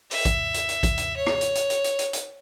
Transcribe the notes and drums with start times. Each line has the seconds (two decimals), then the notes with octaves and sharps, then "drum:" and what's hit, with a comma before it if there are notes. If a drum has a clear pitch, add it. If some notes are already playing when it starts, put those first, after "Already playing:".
0.11 E5, drum: open hi-hat
0.25 drum: kick, hi-hat
0.54 drum: hi-hat
0.69 drum: hi-hat
0.83 drum: kick, hi-hat
0.98 drum: hi-hat
1.16 C#5
1.26 drum: rim click
1.41 drum: hi-hat
1.55 drum: hi-hat
1.70 drum: hi-hat
1.84 drum: hi-hat
1.99 drum: hi-hat
2.13 drum: hi-hat